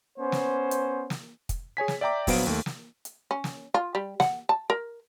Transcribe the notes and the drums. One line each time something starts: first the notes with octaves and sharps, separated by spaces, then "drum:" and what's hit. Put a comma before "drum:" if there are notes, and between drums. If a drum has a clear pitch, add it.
B3 C#4 C5
drum: snare
drum: hi-hat
drum: snare
drum: kick, hi-hat
G#4 C#5 G#5 B6
drum: snare
D5 E5 G5 A#5 D6
A#1 F#3 B3 C5 F5 D7, drum: kick, open hi-hat
D#2 A3
drum: snare
drum: hi-hat
C#4
drum: snare
F4
G3
F#5, drum: snare
A5
A#4